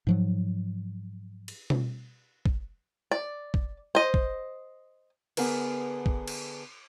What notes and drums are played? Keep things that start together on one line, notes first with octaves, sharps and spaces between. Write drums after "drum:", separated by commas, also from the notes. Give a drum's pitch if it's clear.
G#2 F3 F#3
drum: cymbal
drum: tom B2
drum: kick
D5
drum: kick
C5 D#5
drum: kick
D3 B3 G#4 A#4 B4, drum: cymbal
drum: kick
drum: cymbal